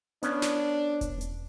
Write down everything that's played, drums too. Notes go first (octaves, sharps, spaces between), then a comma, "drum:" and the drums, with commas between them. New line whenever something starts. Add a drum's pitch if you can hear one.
B3 C#4 D4, drum: hi-hat
drum: snare
drum: kick E1, hi-hat
drum: hi-hat